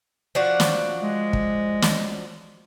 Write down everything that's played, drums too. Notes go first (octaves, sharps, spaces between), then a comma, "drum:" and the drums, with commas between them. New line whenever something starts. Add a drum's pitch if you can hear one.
F3 D4 F#4
drum: snare
G#3
drum: kick
drum: snare